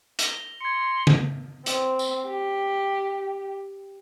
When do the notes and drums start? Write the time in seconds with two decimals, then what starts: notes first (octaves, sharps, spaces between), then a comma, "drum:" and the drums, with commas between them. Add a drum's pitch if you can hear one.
0.19 A#6 F7 G7, drum: hi-hat
0.61 C6 G#6 C#7
1.07 drum: tom C#3
1.66 C4, drum: hi-hat
1.99 drum: tambourine
2.27 G4